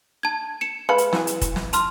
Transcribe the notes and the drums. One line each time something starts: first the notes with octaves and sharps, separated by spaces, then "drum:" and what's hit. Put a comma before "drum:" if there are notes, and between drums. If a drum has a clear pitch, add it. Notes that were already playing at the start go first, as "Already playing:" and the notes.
A5 G#6
C#7 E7
G#3 B4 F5 B5 C#7
drum: hi-hat
E4 F#4 G#4, drum: snare
drum: hi-hat
drum: kick, hi-hat
drum: snare
A5 C6 F6, drum: hi-hat